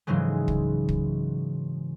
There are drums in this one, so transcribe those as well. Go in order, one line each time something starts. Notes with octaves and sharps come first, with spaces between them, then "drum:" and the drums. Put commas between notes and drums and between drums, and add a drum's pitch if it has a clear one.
G#2 C#3 E3 F#3 G#3
drum: kick
drum: kick